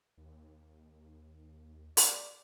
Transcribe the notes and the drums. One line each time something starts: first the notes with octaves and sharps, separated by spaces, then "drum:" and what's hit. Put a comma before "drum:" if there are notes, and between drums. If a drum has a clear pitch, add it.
D#2
D5, drum: open hi-hat